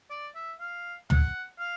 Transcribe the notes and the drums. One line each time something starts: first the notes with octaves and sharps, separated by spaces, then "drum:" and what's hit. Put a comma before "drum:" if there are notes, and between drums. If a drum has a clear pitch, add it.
D5
E5
F5
F#5, drum: tom
F5